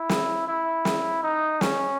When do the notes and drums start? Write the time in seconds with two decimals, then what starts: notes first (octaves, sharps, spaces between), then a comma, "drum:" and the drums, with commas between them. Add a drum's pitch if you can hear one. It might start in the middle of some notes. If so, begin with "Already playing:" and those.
Already playing: E4
0.09 drum: snare
0.48 E4
0.85 drum: snare
1.23 D#4
1.61 C#4, drum: snare